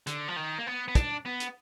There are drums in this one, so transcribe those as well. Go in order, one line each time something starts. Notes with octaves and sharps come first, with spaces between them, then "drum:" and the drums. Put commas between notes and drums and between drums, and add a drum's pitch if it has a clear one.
D3, drum: hi-hat
F3
D#3
A#3
B3
B3
D4, drum: kick, hi-hat
B3
drum: hi-hat